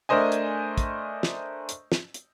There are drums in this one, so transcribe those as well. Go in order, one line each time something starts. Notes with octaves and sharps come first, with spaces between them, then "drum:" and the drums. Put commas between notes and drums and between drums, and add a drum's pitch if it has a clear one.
A3 D4 A#4 C5 D#5 G#5
drum: hi-hat
drum: kick, hi-hat
drum: snare
drum: hi-hat
drum: snare
drum: hi-hat